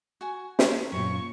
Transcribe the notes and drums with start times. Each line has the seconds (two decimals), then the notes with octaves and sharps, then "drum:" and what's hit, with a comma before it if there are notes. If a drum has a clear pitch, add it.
0.21 F#4 G#5
0.59 A#4 C#5 G5 C6, drum: snare
0.92 F#2 A#2 C#6